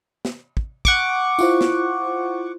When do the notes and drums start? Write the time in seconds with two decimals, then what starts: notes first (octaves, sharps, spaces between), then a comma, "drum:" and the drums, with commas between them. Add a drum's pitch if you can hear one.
0.25 drum: snare
0.57 drum: kick
0.85 F#5 C#6 D6, drum: kick
1.39 E4 F4 C5, drum: tambourine
1.61 drum: snare